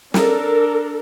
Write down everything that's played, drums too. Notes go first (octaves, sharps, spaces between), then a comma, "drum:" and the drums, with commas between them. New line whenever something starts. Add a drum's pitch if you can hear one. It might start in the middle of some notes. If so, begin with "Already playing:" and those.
D4 A4 A#4, drum: snare